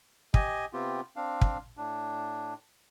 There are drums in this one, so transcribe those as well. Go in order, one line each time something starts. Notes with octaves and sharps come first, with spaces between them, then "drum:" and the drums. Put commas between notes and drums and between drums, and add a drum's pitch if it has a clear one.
G4 D#5 G#5, drum: kick
C3 B3 C4 F4 G4
C4 D4 F5
drum: kick
A2 D4